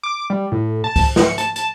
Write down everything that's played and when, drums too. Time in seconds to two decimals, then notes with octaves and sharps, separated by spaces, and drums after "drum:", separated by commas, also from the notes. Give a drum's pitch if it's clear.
0.03 D6
0.30 G3
0.52 A2
0.84 A5
0.96 drum: kick C2, open hi-hat
1.16 C#7, drum: snare
1.38 A5, drum: hi-hat
1.56 A5, drum: hi-hat